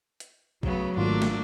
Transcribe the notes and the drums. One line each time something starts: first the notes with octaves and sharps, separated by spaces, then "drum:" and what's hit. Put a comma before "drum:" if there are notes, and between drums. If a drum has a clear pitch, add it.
drum: hi-hat
C#3 F#3 A3 B3, drum: kick A1
G#1 A3 A#3 D4 F4
drum: snare